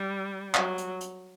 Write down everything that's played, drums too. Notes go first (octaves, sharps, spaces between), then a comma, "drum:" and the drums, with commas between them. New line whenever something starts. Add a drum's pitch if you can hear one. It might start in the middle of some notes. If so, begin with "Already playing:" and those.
Already playing: G3
F#3, drum: clap
drum: hi-hat
drum: hi-hat